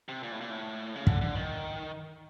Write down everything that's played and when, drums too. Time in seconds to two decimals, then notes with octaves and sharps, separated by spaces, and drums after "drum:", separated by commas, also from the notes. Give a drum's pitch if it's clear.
0.09 C3
0.23 A#2
0.32 A2
0.41 A#2
0.50 A2
0.96 C#3
1.07 D3, drum: kick
1.21 D3
1.35 D#3